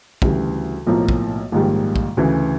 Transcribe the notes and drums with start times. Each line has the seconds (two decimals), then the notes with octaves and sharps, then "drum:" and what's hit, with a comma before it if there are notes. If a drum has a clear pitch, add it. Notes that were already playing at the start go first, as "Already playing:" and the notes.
0.22 D2 C#3 E3 G3, drum: kick
0.87 B1 A2 F3 A#3
1.09 drum: kick
1.52 A#1 G#2 D#3 G3
1.96 drum: kick
2.17 D2 C#3 E3